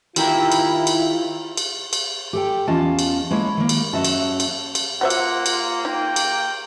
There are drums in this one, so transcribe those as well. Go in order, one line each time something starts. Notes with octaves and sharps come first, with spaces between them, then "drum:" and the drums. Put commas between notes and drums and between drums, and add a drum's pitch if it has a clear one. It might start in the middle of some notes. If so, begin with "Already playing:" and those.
D#3 E4 F4 G4 A#4, drum: cymbal
drum: cymbal
drum: cymbal
drum: cymbal
drum: cymbal
G4 A4 G5
E2 C#4 F4 D#5 F5 A5
drum: cymbal
G#3 A#3 E4 C#5
D#3 A#3
drum: cymbal
F#2 C#4 F#4 D#5 E5 A5
drum: cymbal
drum: cymbal
drum: cymbal
A#3 F4 F#4 C5 E5 F#5
drum: cymbal
drum: cymbal
D#4 G5
drum: cymbal